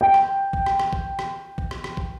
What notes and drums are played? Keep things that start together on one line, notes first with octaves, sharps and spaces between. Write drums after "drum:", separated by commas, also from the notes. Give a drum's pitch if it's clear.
G5
drum: rim click
drum: kick
drum: rim click
drum: rim click
drum: kick
drum: rim click
drum: kick
drum: rim click
drum: rim click
drum: kick